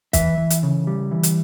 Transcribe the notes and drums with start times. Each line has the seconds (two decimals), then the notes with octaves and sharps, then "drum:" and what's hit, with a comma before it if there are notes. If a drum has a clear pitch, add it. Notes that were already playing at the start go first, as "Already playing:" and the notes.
0.13 E3 E5, drum: kick, hi-hat
0.38 E3
0.50 drum: hi-hat
0.63 C#3
0.87 G3
1.11 E3
1.23 drum: hi-hat